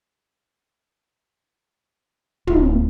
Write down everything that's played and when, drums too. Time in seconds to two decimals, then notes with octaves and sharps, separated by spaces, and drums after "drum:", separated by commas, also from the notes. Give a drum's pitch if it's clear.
2.47 D1, drum: tom